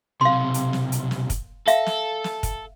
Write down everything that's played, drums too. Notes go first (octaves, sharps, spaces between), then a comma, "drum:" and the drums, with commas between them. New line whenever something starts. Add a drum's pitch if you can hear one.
B1 C3 F5 C6
drum: hi-hat
drum: snare
drum: hi-hat
drum: snare
drum: kick, hi-hat
A4 E5 F5, drum: hi-hat
drum: snare
drum: snare
drum: kick, hi-hat